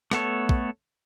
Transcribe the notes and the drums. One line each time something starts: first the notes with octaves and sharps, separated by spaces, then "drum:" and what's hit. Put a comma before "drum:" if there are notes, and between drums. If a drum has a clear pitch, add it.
A3 B3 A4 C#5, drum: rim click
drum: kick